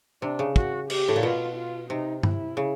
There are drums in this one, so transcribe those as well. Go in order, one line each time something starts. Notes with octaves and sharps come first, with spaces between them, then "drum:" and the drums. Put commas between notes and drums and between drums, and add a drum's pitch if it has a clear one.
C3 D4
C#3
F#4, drum: kick
G4, drum: cymbal
A2
A#2
B2 F4
F4
C3 D#4
E4, drum: tom G2
C#3